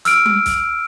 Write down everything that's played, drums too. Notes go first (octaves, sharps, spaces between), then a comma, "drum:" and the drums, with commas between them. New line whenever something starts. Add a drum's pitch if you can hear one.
E6 F6 D7, drum: hi-hat
drum: tom G3
drum: kick, hi-hat